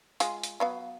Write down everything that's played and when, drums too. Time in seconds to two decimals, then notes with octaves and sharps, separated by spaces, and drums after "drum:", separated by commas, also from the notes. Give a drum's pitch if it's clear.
0.20 G#3 F4 G#4, drum: hi-hat
0.44 drum: hi-hat
0.60 F#3 B3 F5